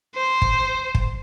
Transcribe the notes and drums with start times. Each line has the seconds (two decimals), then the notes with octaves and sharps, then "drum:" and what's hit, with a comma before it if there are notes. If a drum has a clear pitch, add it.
0.15 C5
0.42 drum: kick
0.95 drum: kick